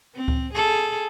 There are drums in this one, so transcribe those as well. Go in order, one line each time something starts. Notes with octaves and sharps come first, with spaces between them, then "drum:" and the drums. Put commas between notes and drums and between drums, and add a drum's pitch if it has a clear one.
C4
drum: kick C#2
G#4 A4